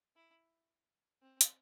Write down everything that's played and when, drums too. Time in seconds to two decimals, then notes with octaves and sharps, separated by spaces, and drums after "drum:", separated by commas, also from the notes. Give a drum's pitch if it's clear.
0.16 E4
1.22 C4
1.41 drum: hi-hat